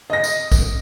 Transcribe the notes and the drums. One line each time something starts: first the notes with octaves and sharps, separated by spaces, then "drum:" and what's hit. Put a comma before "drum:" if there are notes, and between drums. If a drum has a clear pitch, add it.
D#5 A#6
drum: tambourine
drum: kick, tambourine